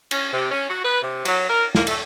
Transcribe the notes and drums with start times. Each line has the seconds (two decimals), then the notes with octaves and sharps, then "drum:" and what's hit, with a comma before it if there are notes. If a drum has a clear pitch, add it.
0.11 C#4, drum: cymbal
0.32 C3
0.50 C#4
0.68 F#4
0.84 B4
1.02 C3
1.25 F#3, drum: cymbal
1.47 A#4
1.75 A#3, drum: snare
1.87 A3, drum: cymbal